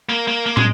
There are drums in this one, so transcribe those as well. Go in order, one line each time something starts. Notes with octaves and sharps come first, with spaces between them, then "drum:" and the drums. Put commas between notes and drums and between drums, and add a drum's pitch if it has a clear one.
A#3
A#3
A#3
G#3, drum: tom